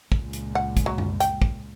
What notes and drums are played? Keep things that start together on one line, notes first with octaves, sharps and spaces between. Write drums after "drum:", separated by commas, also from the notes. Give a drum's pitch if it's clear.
C#2 A#2, drum: kick
drum: hi-hat
F#5
drum: kick, hi-hat
F#3
drum: tom F#2
G5, drum: hi-hat
drum: kick